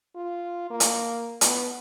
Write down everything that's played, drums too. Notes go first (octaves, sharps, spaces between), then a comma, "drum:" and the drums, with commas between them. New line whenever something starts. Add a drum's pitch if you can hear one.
F4
A#3
drum: hi-hat
B3, drum: hi-hat